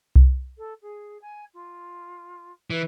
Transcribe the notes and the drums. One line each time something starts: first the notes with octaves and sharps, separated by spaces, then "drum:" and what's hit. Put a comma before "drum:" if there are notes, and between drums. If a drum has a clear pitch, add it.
drum: kick C2
A4
G#4
G#5
F4
E3 B4